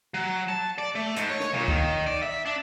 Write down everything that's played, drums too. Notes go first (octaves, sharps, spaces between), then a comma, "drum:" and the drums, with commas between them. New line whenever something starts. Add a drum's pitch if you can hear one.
F#3
A5
D5
A3
G#2, drum: hi-hat
C#5
drum: snare
A#2, drum: tom B2
D#3, drum: kick
D5
E5
D4